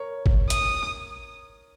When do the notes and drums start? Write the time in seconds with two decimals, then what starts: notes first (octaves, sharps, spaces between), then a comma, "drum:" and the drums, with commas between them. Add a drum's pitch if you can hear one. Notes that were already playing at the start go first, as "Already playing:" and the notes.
Already playing: A#4 C#5
0.26 drum: kick
0.50 D#6, drum: hi-hat